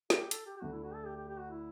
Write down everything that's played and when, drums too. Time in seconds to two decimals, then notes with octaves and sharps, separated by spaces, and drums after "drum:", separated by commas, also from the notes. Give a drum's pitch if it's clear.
0.10 F#4, drum: snare
0.16 G4
0.31 A4, drum: hi-hat
0.46 G4
0.57 G4
0.61 D2 D3 A3 D4 F#4
0.72 E4
0.83 F#4
0.94 A4
1.05 G4
1.16 G4
1.28 G4
1.39 F#4
1.51 E4